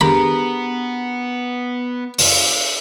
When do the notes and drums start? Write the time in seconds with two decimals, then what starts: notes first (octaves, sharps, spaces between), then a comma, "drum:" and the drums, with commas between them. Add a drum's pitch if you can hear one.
0.01 B3 D4 G4 G#4 A#4 B5
2.18 drum: open hi-hat